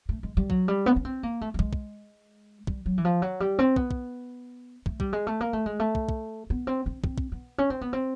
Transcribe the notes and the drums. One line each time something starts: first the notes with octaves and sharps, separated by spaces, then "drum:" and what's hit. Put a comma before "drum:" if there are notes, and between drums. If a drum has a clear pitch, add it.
A3
G#3
G3
F#3, drum: kick
G3
B3
C#4
C4
A#3
A3
A3
G#3, drum: kick
drum: kick
G3, drum: kick
F#3
E3
F3
F#3
G3
C4
B3, drum: kick
drum: kick
A3, drum: kick
G3, drum: kick
G#3
A3
A#3
A3
G#3
A3
drum: kick
drum: kick
B3
C4
C4
C4, drum: kick
drum: kick
B3
C#4
C4
B3
C4